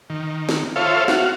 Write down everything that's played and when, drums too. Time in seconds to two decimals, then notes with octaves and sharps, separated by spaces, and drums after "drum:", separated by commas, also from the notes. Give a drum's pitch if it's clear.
0.10 D#3
0.49 drum: snare
0.76 F4 A4 C5 C#5 E5 F5
1.08 F#4 F5, drum: snare